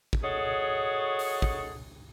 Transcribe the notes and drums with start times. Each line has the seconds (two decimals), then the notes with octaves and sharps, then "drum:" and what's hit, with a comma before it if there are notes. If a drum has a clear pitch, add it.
0.13 drum: kick
0.23 F#4 G#4 A4 C#5 D#5
1.19 drum: open hi-hat
1.42 drum: kick